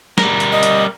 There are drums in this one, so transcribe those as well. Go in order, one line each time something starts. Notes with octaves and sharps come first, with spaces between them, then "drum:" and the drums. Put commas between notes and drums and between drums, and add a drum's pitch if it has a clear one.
G3 A#4, drum: snare
drum: hi-hat
D#5
drum: hi-hat